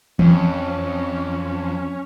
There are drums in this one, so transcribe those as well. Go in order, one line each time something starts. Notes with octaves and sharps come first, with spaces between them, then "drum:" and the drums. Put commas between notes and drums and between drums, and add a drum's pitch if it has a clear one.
F2 C#4, drum: tom E3